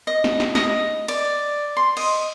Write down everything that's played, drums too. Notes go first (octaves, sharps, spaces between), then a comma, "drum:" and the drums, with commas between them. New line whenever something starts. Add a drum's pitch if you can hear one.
D#5
drum: snare
drum: snare
D#5, drum: snare
D5, drum: cymbal
C6
D#5, drum: cymbal